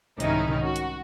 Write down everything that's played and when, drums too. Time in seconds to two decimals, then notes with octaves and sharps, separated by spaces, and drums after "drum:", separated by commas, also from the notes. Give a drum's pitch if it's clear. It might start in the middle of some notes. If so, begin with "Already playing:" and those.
0.20 C2 G#2 D#3 C#4 D#4 E4, drum: hi-hat
0.48 drum: tom B2
0.63 F#4
0.76 drum: hi-hat